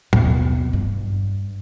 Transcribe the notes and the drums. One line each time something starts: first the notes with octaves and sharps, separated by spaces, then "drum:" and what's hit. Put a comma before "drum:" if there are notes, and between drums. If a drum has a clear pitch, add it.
D#2 B2, drum: tom
G2